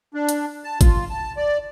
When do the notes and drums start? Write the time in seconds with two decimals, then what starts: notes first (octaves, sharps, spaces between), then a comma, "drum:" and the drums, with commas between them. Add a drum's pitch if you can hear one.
0.14 D4
0.29 drum: hi-hat
0.64 A5
0.81 F4, drum: kick G#1, hi-hat
1.10 A5
1.37 D5